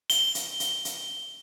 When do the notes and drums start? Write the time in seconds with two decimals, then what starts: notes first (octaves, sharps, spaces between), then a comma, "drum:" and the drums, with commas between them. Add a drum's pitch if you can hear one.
0.10 G7, drum: hi-hat
0.35 drum: hi-hat
0.60 drum: hi-hat
0.85 drum: hi-hat